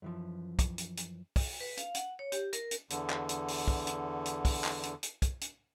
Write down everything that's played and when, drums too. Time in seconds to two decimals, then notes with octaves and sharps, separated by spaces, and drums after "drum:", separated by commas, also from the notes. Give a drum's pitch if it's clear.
0.02 F#2 E3 F3
0.59 drum: kick, hi-hat
0.78 drum: hi-hat
0.97 drum: hi-hat
1.36 drum: kick, open hi-hat
1.61 B4
1.77 F5, drum: hi-hat
1.95 F#5, drum: hi-hat
2.19 C#5
2.32 G4, drum: hi-hat
2.53 A#4, drum: hi-hat
2.71 drum: hi-hat
2.90 E2 D3, drum: hi-hat
3.10 drum: clap
3.29 drum: hi-hat
3.48 drum: open hi-hat
3.68 drum: kick
3.87 drum: hi-hat
4.26 drum: hi-hat
4.45 drum: kick, open hi-hat
4.64 drum: clap
4.83 drum: hi-hat
5.03 drum: hi-hat
5.22 drum: kick, hi-hat
5.41 drum: hi-hat